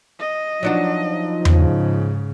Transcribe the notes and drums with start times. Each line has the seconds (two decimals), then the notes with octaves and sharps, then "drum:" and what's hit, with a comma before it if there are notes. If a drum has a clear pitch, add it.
0.20 D#5
0.63 F3 F#3 D4 D#4 F#4
1.45 G#2 C#3, drum: tom E2